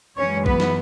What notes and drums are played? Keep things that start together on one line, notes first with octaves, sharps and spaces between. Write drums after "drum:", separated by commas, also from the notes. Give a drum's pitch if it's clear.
F#2 E3 G#3 C#4 C#5
B3 B4, drum: kick A#1
drum: snare